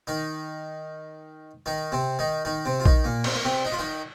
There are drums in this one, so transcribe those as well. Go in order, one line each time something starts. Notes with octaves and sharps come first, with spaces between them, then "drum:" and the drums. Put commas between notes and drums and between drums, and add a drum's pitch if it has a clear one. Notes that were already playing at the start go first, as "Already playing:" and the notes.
D#3 D#4
D#3 D#4
C3 C4
D#3 D#4
D#3 D#4
C3 C4
F4
D#3 D#4, drum: kick A#1
A#2 A#3
C4, drum: cymbal
A#3
C3 C4
D#4
F4
D#3 D#4